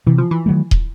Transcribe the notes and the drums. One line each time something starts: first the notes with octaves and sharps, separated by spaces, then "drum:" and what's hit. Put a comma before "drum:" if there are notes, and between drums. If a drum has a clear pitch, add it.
C3 E3
F3
E3
D#3 F#3 A3
drum: kick D#1